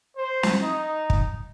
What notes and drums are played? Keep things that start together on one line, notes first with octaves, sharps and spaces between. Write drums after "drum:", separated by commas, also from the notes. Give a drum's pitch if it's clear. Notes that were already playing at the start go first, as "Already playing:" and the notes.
C5
drum: snare
D#4
drum: kick